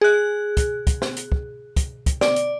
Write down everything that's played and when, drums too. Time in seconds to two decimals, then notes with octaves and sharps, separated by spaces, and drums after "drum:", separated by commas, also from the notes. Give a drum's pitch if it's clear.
0.01 G#4 F#6
0.57 drum: kick, hi-hat
0.87 drum: kick, hi-hat
1.02 drum: snare
1.17 drum: hi-hat
1.32 drum: kick
1.77 drum: kick, hi-hat
2.06 drum: kick, hi-hat
2.21 D5, drum: snare
2.36 drum: hi-hat